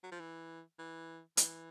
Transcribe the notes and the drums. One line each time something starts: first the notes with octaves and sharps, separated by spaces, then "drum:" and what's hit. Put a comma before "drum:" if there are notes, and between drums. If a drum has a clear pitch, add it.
F#3
F3
E3
E3
E3, drum: hi-hat